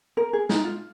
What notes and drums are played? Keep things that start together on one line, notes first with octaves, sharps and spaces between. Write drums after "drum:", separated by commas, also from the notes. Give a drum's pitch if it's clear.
A#4
G#4
D#4, drum: snare
F4